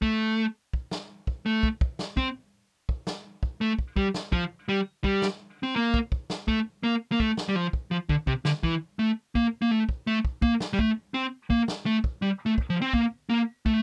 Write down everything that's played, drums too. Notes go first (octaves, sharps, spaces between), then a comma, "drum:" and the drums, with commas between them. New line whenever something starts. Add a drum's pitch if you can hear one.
A3, drum: kick
drum: kick
drum: snare
drum: kick
A3
drum: kick
drum: kick
drum: snare
C4, drum: kick
drum: kick
drum: snare
drum: kick
A3
drum: kick
G3, drum: kick
drum: snare
F3, drum: kick
G3
G3, drum: kick
drum: snare
C4
A#3
drum: kick
drum: kick
drum: snare
A3, drum: kick
A#3
A#3
A3, drum: kick
drum: snare
G3
F3
drum: kick
F3
D3, drum: kick
C3, drum: kick
D3, drum: snare
E3, drum: kick
A3
A#3, drum: kick
A#3
A3
drum: kick
A3
drum: kick
A#3, drum: kick
drum: snare
G3
A3, drum: kick
C4
A#3, drum: kick
drum: snare
A3
drum: kick
G3
A3
drum: kick
F3
C4
A#3, drum: kick
A#3
A3, drum: kick